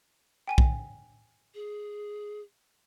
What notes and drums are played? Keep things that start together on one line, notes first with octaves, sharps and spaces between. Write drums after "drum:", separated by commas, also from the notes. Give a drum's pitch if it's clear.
G5 G#5 D#7
drum: kick
G#4